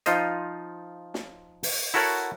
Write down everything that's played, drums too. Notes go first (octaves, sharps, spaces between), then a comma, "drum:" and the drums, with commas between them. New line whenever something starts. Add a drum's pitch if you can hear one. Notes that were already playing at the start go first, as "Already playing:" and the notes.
F3 D#4 F4 C5 D#5, drum: hi-hat
drum: snare
drum: open hi-hat
E4 F#4 A4 A#4 C#5 F#5